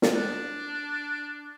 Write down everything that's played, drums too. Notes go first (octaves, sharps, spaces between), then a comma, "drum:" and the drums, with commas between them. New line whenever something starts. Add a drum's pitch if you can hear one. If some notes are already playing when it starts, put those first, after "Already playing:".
drum: snare
D4